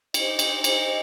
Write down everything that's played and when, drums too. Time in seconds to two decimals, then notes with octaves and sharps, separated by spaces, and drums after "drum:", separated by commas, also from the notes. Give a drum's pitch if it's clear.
0.14 D#4 G4 C5 D#5, drum: cymbal
0.39 drum: cymbal
0.64 D#4 G4 C5 D#5, drum: cymbal